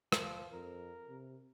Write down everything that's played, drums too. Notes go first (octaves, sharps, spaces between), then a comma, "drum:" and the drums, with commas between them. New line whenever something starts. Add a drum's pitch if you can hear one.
F3, drum: rim click
F2 A#4
C3